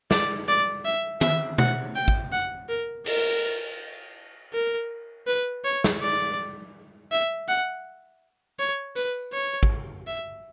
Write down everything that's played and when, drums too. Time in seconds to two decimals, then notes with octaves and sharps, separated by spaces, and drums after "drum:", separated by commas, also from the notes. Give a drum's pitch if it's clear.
0.11 D5, drum: snare
0.48 D5
0.85 E5
1.21 E5, drum: tom D#3
1.58 F#5, drum: tom B2
1.96 G5
2.08 drum: kick
2.32 F#5
2.69 A#4
3.06 A#4, drum: cymbal
4.54 A#4
5.27 B4
5.64 C#5
5.84 drum: snare
6.02 D5
7.12 E5
7.48 F#5
8.59 C#5
8.96 B4, drum: tambourine
9.33 C#5
9.63 drum: kick
10.07 E5